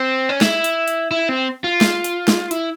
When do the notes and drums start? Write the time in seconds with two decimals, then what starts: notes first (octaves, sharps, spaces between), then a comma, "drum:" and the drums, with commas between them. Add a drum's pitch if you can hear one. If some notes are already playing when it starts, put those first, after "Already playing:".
Already playing: C4
0.29 C#4
0.41 E4, drum: snare
0.64 drum: hi-hat
0.88 drum: hi-hat
1.11 E4
1.29 C4
1.64 F4
1.81 drum: snare
2.04 drum: hi-hat
2.28 drum: snare
2.51 E4, drum: hi-hat